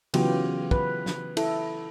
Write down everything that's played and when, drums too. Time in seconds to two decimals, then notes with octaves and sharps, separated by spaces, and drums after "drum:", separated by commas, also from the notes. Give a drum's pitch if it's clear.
0.14 C#3 E3 F#3 B3 F4 G4, drum: cymbal
0.71 B4, drum: kick
1.06 drum: snare
1.37 E4 A4, drum: cymbal